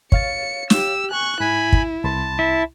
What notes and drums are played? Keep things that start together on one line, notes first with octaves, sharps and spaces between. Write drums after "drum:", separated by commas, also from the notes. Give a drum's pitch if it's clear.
C#5 F5 A6 C#7, drum: kick
G4 E6, drum: snare
G#5 C#6 F#6
G#2 E4 G#5 B5
drum: kick
C2 A5 B5 C6
E4